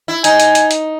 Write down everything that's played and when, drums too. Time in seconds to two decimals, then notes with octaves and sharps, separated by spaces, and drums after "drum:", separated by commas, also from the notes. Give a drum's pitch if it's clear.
0.08 E4
0.24 D#4 G#5, drum: hi-hat
0.40 drum: hi-hat
0.55 drum: hi-hat
0.71 drum: hi-hat